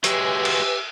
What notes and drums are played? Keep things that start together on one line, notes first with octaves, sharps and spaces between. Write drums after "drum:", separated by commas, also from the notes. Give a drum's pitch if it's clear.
F#3 G#3 G4 B4 E5 G#5, drum: hi-hat
drum: cymbal